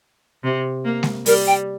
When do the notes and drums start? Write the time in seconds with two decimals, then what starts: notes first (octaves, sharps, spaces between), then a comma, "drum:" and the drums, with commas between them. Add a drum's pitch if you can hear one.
0.44 C3
0.85 A#3
1.03 drum: snare G#3
1.26 G3 A#4, drum: open hi-hat
1.47 G5